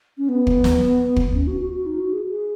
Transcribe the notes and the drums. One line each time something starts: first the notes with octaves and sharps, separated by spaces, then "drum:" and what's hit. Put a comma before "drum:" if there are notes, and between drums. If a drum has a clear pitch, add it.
C#4
B3
drum: kick
drum: snare
drum: kick
C#4
F#4
F#4
F#4
D#4
F#4
G#4
G#4